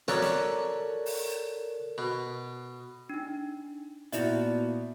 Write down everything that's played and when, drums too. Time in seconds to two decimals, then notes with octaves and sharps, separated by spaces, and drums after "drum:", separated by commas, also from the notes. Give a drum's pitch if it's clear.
0.08 C#4 F#4 A4 A#4 C#5 D5, drum: snare
0.22 drum: snare
1.06 drum: open hi-hat
1.98 B2
3.09 D4 D#4
4.12 A#2 B3 E4 F#4 D5 E5, drum: hi-hat